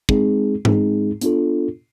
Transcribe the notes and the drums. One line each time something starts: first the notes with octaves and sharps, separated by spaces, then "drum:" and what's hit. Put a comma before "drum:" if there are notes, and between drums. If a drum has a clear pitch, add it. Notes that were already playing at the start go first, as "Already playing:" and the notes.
G#3 C4 D#4 G#4, drum: kick
G#3 C4 D#4 G#4, drum: tom G#2
B3 D4 F4 A4, drum: hi-hat